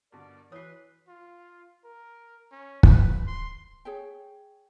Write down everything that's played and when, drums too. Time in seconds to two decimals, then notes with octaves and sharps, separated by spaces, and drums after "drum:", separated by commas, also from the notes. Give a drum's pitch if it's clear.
0.12 G2 B2 D3 A#4 D5
0.52 E3 F#4 B4 C#5 D#6 C7
1.08 F4
1.84 A#4
2.51 C#4
2.83 B4, drum: kick
3.27 C6
3.85 G#4 C#5 G5